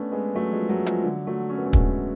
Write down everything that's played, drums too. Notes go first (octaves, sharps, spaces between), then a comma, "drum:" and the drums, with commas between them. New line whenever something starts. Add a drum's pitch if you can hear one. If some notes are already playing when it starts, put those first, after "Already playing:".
Already playing: A3 B3 C#4 D4
G#3 B3
F#3 A3
F3 G#3
F#3 A3
F3 G#3, drum: hi-hat
D3 F#3
F#3 A3
C#4
B3
A3 C#4
G#3 B3, drum: kick